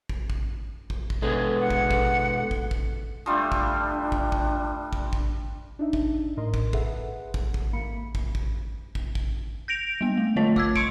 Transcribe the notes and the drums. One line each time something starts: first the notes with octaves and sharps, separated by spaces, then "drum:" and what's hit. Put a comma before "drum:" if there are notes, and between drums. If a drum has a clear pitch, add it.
drum: kick
drum: kick
drum: kick
drum: kick
B2 G#3 G#4 A4 B4
F#5
drum: kick
drum: kick
drum: kick
drum: kick
F3 G3 A3 D4
drum: kick
drum: kick
drum: kick
drum: kick
drum: kick
D4 D#4 E5
drum: kick
A2 A#4 D#5 C6
drum: kick
G#4 A4 B4 E5 F#5, drum: kick
drum: kick
drum: kick
G#1 A#3 B5 C#7
drum: kick
drum: kick
drum: kick
drum: kick
G6 A#6 D7 F7
G3 B3
A3
D3 A3 F4 C#5 D#5 A5
D6 E6 G#6, drum: kick
C6 C#6 C#7 D7, drum: kick